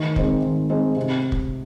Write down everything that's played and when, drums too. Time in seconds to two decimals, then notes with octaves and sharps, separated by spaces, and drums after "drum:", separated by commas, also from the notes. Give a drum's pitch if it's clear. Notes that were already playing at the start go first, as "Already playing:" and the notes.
Already playing: D#3
0.16 G#3 C4 D#4, drum: kick
0.42 D#3
0.69 G#3 C4 D#4
0.96 C3
1.32 drum: kick